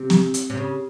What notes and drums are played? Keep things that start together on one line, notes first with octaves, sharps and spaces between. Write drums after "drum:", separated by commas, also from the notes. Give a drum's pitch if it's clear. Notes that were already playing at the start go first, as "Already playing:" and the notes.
Already playing: C3
drum: snare
drum: hi-hat
C3
C#3